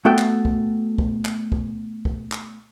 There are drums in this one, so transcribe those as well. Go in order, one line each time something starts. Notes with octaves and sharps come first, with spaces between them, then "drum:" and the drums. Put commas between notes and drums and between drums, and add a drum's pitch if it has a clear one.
A3 B3 F#4 A4 G5
drum: clap
drum: kick
drum: kick
drum: clap
drum: kick
drum: kick
drum: clap